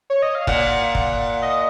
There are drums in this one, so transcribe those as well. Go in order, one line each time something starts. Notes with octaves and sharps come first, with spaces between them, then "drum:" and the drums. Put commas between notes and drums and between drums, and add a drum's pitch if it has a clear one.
C#5
D#5
F5
A#2 F#5, drum: kick
drum: kick
D#5